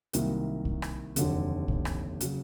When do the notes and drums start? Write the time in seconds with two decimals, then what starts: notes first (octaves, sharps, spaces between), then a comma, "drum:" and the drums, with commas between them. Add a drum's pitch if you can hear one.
0.13 C2 C3 D#3 F#3 A#3, drum: hi-hat
0.65 drum: kick
0.82 drum: rim click
1.16 F1 D#2 D3 F#3, drum: hi-hat
1.68 drum: kick
1.85 drum: rim click
2.20 C#3 F#3, drum: hi-hat